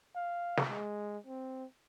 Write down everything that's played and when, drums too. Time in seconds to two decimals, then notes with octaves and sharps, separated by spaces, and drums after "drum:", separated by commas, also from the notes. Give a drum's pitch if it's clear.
0.16 F5
0.57 drum: snare
0.70 G#3
1.27 C4